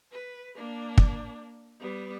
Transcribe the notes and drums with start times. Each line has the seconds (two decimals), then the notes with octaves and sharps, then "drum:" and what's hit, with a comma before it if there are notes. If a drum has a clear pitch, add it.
0.12 B4
0.56 A#3 D4
0.98 drum: kick
1.80 G3 B3